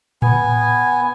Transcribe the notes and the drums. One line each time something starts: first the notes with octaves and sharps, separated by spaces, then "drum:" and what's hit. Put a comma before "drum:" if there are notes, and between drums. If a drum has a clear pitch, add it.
B3 G#5, drum: tom A2